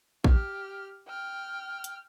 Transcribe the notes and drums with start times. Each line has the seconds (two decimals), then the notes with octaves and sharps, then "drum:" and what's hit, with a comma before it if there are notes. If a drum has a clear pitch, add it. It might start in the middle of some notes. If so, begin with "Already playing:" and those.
0.24 G4 F6, drum: kick
1.08 G5 F6
1.84 drum: hi-hat